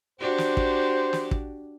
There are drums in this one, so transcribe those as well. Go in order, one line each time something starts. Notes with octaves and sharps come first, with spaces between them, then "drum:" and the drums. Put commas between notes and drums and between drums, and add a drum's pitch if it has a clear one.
D4 F#4 G4 C5
drum: snare
drum: kick
drum: snare
drum: kick